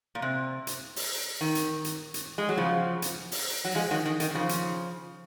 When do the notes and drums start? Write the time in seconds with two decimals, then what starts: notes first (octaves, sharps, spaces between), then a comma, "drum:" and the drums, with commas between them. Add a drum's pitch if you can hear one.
0.15 A#2
0.22 C3
0.67 drum: hi-hat
0.96 drum: open hi-hat
1.41 D#3
1.55 drum: hi-hat
1.85 drum: hi-hat
2.14 drum: hi-hat
2.38 G#3
2.49 F#3
2.58 C#3 F3
3.02 drum: hi-hat
3.32 drum: open hi-hat
3.65 F#3
3.75 F3 G#3
3.91 D#3 F#3
4.06 D#3
4.20 D#3, drum: hi-hat
4.31 D#3
4.35 C#3 F3
4.49 drum: hi-hat